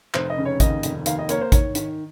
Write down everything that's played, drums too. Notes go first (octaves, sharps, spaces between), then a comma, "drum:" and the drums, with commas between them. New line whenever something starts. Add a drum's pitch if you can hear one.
F1 C5, drum: clap
D#5
C#3
C#5
D#2 D#5, drum: kick A1, hi-hat
F1, drum: hi-hat
D#2 F5, drum: hi-hat
D#5
A#3 C#5, drum: hi-hat
C5
D#3 C#5, drum: kick A1, hi-hat
D#3, drum: hi-hat